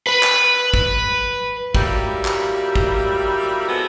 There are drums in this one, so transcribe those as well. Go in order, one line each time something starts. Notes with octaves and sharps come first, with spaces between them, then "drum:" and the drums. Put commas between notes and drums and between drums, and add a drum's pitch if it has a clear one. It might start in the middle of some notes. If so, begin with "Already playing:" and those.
B4 B5
drum: clap
drum: kick
F#3 G3 A#3 E4 F4 G4, drum: kick
drum: clap
drum: kick
G#3 B3 C4 E4 F#4 A4